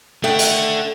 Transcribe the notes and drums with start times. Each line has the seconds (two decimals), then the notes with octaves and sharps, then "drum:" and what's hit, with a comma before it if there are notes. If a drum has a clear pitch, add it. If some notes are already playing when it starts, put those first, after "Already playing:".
0.24 A3 D4 F#5 G5
0.39 drum: hi-hat